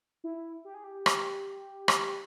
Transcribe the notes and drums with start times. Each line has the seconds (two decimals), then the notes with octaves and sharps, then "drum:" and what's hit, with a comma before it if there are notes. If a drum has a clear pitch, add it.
0.24 E4
0.65 G4
0.74 G#4
0.84 G4
1.06 drum: rim click
1.88 drum: rim click